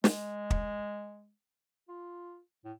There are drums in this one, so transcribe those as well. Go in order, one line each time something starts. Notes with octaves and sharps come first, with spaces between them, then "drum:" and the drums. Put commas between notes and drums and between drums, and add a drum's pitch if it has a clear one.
G#3, drum: snare
drum: kick
F4
A2